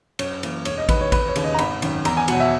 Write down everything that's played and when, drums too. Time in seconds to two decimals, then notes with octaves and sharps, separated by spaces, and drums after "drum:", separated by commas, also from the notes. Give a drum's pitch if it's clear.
0.19 F#2 C#5, drum: cymbal
0.43 E3 A#3, drum: cymbal
0.65 E1 C#5, drum: cymbal
0.78 D#5
0.89 D#2 D#3 B4, drum: kick A1, cymbal
1.01 C#5
1.12 E1 B4, drum: kick A1, cymbal
1.28 C#5
1.36 D#2 C#3, drum: cymbal
1.44 D#5
1.54 A#5
1.59 G#1 B5, drum: cymbal
1.82 F#2 D#3, drum: cymbal
2.05 E2 A#5, drum: cymbal
2.17 G#5
2.28 B2 F#3 F#5, drum: cymbal
2.40 E5